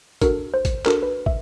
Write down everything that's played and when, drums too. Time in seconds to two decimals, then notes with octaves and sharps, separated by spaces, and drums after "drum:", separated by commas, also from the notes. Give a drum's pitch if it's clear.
0.21 D4 F#4 A4 A#4, drum: kick, hi-hat
0.54 C5
0.65 drum: kick, hi-hat
0.86 D4 F#4 A4 A#4, drum: clap
1.03 B4
1.26 E5, drum: kick